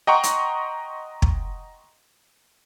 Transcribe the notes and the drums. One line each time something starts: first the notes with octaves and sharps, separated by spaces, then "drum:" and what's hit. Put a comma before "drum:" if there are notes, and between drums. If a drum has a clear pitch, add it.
D#5 F#5 G5 A#5 C6 C#6
drum: hi-hat
drum: kick